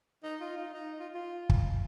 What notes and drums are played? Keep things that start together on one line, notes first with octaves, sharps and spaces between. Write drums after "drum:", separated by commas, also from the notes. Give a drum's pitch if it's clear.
D#4
F4
D#4
D#4
F4
F4
drum: kick